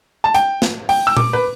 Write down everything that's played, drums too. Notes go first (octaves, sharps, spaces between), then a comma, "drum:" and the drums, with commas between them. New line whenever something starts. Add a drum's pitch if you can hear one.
A5
G5, drum: hi-hat
drum: snare
G5, drum: open hi-hat
E6
D6, drum: tom A#2
B4